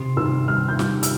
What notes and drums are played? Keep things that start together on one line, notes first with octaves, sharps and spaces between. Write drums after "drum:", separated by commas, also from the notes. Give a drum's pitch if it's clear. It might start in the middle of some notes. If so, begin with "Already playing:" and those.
Already playing: C3 C6
C3 E6
G3 F6
G6
G3 F6, drum: snare
E6, drum: hi-hat